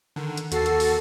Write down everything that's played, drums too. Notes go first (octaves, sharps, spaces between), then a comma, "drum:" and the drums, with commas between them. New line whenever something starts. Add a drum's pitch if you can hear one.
D3 D#3
drum: hi-hat
D#2 F#4 A4 C7, drum: hi-hat
drum: hi-hat
drum: open hi-hat